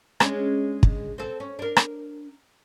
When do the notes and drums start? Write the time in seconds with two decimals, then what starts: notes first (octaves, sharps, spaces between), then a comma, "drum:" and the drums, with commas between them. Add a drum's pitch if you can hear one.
0.20 G#3 C#4 D4, drum: rim click
0.83 drum: kick
1.18 C4 A4
1.40 C#4
1.59 D4 A#4
1.77 drum: rim click